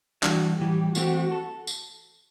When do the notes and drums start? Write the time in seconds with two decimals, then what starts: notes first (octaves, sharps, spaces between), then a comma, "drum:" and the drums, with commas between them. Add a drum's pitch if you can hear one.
0.23 G2 E3 G3 D4 F#4 A4, drum: clap
0.59 A2 E3 G3 G4
0.95 E3 A3 C4 F#4 G4, drum: tambourine
1.32 A4
1.67 drum: tambourine